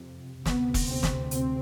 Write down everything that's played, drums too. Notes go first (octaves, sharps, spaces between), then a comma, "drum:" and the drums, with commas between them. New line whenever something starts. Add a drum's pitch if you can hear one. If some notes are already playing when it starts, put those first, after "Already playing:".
Already playing: F2 C3
D2 C3 B3, drum: snare
drum: kick E1, open hi-hat
C4
drum: snare
C4, drum: hi-hat